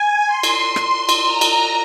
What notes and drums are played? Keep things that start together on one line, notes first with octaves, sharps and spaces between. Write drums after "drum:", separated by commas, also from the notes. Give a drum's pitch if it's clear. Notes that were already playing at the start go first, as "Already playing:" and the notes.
Already playing: G#5
C6
drum: cymbal
drum: rim click
drum: cymbal
A#5
drum: cymbal